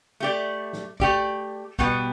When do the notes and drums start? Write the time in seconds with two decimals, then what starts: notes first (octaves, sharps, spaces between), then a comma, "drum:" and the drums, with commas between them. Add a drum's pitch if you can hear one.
0.20 A3 G4 D5
0.73 drum: snare
1.00 A3 G4 D5, drum: kick A1
1.79 B2 G3 B3 G4, drum: kick A1